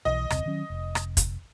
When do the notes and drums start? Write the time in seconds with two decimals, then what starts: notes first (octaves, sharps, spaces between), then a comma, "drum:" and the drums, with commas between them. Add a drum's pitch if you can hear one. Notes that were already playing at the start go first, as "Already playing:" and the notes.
0.05 B1 E3 D#5
0.30 E1 C2 C3, drum: rim click
0.46 D#3 F#3 C#4
0.70 F1
0.95 drum: rim click
1.17 drum: kick, hi-hat